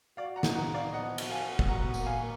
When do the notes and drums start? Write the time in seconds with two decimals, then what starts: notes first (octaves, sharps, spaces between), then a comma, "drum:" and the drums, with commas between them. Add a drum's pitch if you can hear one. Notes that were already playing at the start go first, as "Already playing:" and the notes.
0.17 F#4 D5 F5
0.36 F#5 A#5
0.43 D#4, drum: snare
0.55 F#5 A#5
0.69 B3
0.74 D5 F5
0.93 F3 D#5 F#5
1.18 F#4, drum: cymbal
1.31 F5 G#5
1.43 B3
1.59 drum: kick
1.69 F#4 F#5 A#5
1.94 A#3, drum: tambourine
2.06 F5 G#5
2.19 A#3